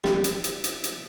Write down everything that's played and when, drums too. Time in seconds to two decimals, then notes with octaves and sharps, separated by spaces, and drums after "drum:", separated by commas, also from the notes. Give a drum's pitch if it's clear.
0.04 G3, drum: snare
0.24 drum: hi-hat
0.44 drum: hi-hat
0.64 drum: hi-hat
0.84 drum: hi-hat